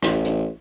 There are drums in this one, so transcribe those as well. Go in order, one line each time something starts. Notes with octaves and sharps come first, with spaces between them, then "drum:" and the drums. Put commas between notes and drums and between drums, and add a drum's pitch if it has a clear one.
A1, drum: rim click
drum: hi-hat